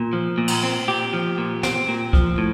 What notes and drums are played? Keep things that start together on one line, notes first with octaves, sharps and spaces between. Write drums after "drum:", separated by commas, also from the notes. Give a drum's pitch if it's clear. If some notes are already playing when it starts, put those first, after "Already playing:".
Already playing: A#2
F3
A#2
drum: cymbal
C4
A#2 G4
F3
A#2
C4, drum: snare
A#2
F3, drum: kick
A2